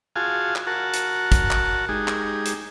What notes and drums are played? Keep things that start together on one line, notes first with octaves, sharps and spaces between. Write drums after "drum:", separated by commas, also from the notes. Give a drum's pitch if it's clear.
F4 F#4 G#4 F5 G#5 A5
drum: clap
F#4 A#4 F#5 A5
drum: hi-hat
drum: kick, hi-hat
drum: clap
G#3 D#4 G4 G#4
drum: clap
drum: hi-hat